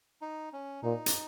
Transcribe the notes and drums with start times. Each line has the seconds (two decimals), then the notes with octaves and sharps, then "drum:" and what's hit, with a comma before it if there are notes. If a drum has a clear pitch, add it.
0.22 D#4
0.53 C#4
0.82 A#2 D#4
1.06 drum: hi-hat